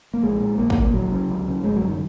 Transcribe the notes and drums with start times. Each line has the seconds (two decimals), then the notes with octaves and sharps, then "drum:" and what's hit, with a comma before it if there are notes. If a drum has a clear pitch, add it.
0.14 A#3
0.23 A#1 G#3
0.41 A#2
0.58 A#1 A#3
0.70 A#3, drum: kick
0.76 A#2
0.82 A#3
0.94 C#2 F#3
1.11 C#3
1.29 C#2
1.47 C#3
1.64 G#1 G#3
1.76 F#3
1.82 F#2 C#3
1.88 D#3